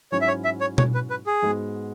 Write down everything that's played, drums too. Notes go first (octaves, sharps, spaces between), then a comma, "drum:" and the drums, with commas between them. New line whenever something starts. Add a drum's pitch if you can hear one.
G#2 F#3 C#4 E4 C#5
E5
C#5
E5
C#5
C#5, drum: tom B2
B4
B4
G#4
G#2 G#3 B3 F#4